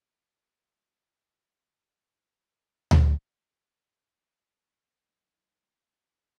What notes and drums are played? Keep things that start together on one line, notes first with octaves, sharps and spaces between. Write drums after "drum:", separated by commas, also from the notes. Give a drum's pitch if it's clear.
F4 F#4 B4 D#5 E5
D#3 A#3 D4 G#4 B4 A#5
drum: tom D2
D#3 F#3 A3 D#4 E4